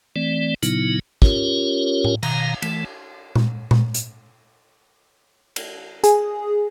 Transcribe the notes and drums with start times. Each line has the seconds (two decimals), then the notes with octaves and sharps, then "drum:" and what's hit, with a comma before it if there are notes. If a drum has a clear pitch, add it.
0.16 E3 A3 C4 D5
0.63 A#2 C#3 F#3 B3 D#4 E4, drum: hi-hat
1.22 C#4 F4 G4 A#4 C#5, drum: kick
2.04 drum: tom A2
2.23 B2 D#3 F5 A#5, drum: cymbal
2.62 E3 A3, drum: cymbal
3.35 drum: tom A#2
3.71 drum: tom A#2
3.94 drum: hi-hat
5.56 drum: cymbal
6.04 G#4, drum: hi-hat